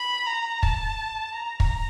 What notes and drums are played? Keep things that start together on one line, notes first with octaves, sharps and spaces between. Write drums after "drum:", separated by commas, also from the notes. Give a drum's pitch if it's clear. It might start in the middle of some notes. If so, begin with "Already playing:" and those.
Already playing: B5
A#5
A5, drum: kick
A#5
drum: kick